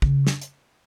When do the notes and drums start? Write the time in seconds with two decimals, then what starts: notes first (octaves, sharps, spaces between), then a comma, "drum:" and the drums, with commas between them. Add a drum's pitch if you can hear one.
0.02 C#3, drum: kick
0.27 drum: snare
0.42 drum: hi-hat